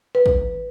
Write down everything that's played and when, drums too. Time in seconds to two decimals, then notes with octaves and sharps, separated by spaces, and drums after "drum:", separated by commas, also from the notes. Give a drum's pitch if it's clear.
0.15 B4
0.26 drum: kick